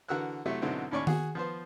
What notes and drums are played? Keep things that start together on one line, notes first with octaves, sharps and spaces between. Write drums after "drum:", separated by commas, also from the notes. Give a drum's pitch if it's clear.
D3 E3 F#4 A#4 E6 F#6
C3 F#3 A3 E4
G#2 B2 D3 F#3 C4 E4
D#2 A2 C#4 D5 C#6
F#4 G#4, drum: tom D#3
F3 B3 C5